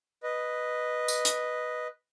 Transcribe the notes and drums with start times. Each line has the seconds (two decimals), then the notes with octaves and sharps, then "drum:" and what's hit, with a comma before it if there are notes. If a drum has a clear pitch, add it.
0.23 B4 D#5
1.08 drum: tambourine
1.25 drum: hi-hat